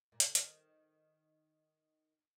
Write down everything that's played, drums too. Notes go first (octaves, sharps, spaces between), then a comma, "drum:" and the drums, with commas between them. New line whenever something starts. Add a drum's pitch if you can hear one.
A#2
C3, drum: hi-hat
D3
D#3, drum: hi-hat